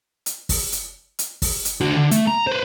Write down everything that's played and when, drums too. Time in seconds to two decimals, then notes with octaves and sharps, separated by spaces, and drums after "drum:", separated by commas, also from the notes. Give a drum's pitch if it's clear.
0.26 drum: hi-hat
0.49 drum: kick, open hi-hat
0.72 drum: hi-hat
1.19 drum: hi-hat
1.42 drum: kick, open hi-hat
1.65 drum: hi-hat
1.81 D3 F#4
1.96 D3
2.11 A3, drum: hi-hat
2.27 A#5
2.47 B4 C5